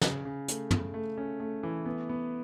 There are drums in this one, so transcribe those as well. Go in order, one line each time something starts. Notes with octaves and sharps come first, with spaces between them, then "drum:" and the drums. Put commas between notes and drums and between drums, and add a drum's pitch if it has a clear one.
C#3, drum: snare
C#3
A3, drum: hi-hat
A3, drum: tom
A3
C#4
A3
E3
B3
B3